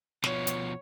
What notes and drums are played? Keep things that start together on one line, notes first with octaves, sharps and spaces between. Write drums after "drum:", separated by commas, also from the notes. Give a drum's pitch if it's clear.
B2 F3 C#5, drum: snare
drum: hi-hat